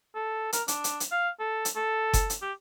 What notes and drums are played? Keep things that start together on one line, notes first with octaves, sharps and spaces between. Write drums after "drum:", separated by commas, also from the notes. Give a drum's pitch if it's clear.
A4
A#4, drum: hi-hat
D4, drum: hi-hat
drum: hi-hat
drum: hi-hat
F5
A4
drum: hi-hat
A4
drum: kick F#1, hi-hat
drum: hi-hat
G4